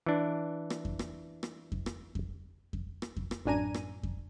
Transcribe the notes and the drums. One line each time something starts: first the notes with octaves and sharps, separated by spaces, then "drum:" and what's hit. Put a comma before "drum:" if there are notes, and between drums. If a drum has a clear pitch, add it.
E3 D4
drum: rim click
drum: kick F2
drum: rim click
drum: rim click
drum: kick F2
drum: rim click
drum: kick F2
drum: kick F2
drum: rim click
drum: kick F2
drum: rim click
A1 F#2 D4 G#5 A#5 D#7
drum: rim click
drum: kick F2